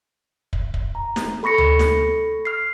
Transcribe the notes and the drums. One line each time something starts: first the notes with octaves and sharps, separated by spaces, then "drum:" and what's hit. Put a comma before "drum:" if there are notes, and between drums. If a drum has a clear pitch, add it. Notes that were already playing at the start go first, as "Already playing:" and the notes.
drum: kick
drum: kick
A#5
drum: snare
A4 B5 C#6 A#6 C#7
drum: tom D2
drum: snare
F6 C7